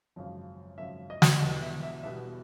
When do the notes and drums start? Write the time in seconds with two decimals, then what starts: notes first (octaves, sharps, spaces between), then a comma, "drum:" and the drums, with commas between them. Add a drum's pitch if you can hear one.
0.16 G#1 F#2 C#3 F3
0.78 G#1 F#2 C#3 F3 E5
1.10 D#5
1.22 drum: snare
1.40 E1 E2 B2 G3 B3 D#5
1.62 E5
1.83 E5
2.03 E1 E2 B2 G3 B3 E5